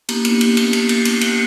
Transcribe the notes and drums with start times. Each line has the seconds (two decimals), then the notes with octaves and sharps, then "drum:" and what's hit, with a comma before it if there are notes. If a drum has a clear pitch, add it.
0.09 A#3 B3 G4, drum: cymbal
0.25 drum: cymbal
0.41 drum: cymbal
0.57 drum: cymbal
0.73 drum: cymbal
0.89 drum: cymbal
1.05 drum: cymbal
1.21 drum: cymbal